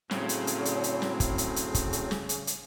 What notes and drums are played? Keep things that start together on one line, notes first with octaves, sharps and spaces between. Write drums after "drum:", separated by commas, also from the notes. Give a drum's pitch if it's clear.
A2 C#3 F#3 C4, drum: snare
drum: hi-hat
drum: hi-hat
drum: hi-hat
drum: hi-hat
drum: snare
drum: kick, hi-hat
drum: hi-hat
drum: hi-hat
drum: kick, hi-hat
drum: hi-hat
drum: snare
drum: hi-hat
drum: hi-hat